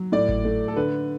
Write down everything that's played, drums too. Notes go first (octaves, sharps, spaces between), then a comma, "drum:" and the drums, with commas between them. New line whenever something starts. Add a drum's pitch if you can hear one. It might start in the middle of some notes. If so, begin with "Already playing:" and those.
Already playing: F#3
A2 D5
drum: kick G#1
A3
A4
D3 B4